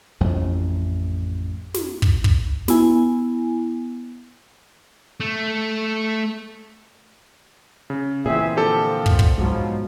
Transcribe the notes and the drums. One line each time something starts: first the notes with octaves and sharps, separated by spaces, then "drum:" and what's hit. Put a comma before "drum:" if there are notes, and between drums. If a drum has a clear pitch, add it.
A1 F2 A2 F3
drum: snare
drum: kick
drum: kick
B3 E4 G#5, drum: snare
A3
C#3
A#2 E3 C4 G#4 E5
D3 F3 C4 G4 A4
drum: kick
drum: kick
G#2 B2 F3 F#3